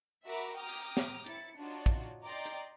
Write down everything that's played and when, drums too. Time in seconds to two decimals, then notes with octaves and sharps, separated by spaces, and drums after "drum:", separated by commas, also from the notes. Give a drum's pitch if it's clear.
0.25 F#4 A#4 E5 A#5 B5 D6
0.55 G5 A#5 D6 D#6 F6
0.67 drum: open hi-hat
0.97 drum: snare
1.27 E4 A6 C#7, drum: hi-hat
1.57 D4 D#4 F4 F#4 C#5 D5
1.86 drum: kick, hi-hat
2.25 D5 D#5 G5 A#5 C6 D6
2.46 drum: hi-hat